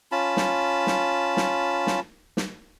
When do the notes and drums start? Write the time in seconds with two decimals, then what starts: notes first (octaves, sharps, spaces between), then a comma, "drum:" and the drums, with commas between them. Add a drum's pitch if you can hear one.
0.12 C#4 F4 A5 B5
0.37 drum: snare
0.87 drum: snare
1.37 drum: snare
1.87 drum: snare
2.37 drum: snare